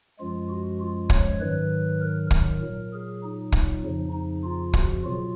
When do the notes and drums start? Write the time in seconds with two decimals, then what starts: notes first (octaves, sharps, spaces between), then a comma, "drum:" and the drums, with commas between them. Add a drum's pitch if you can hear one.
0.19 F#2 F3 G#3 F4
0.49 F#4
0.80 F4
1.10 C#5, drum: kick
1.40 G#2 D#3 F#3 B4
2.01 A#4
2.31 A#4, drum: kick
2.61 A#2 F#3
2.92 G#4
3.23 D#4
3.52 drum: kick
3.83 F2 C#3 F3
4.12 D#4
4.44 F4
4.73 F#4, drum: kick
5.04 B2 F#3 F4